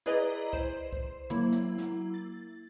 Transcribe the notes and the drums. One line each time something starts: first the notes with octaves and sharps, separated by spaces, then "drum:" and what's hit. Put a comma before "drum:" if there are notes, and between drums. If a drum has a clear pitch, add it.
E4 G#4 B4 D5 D#5 A#5
C5, drum: kick C2
drum: kick C2
F#3 A#3 E4, drum: tom
drum: snare
drum: snare
A6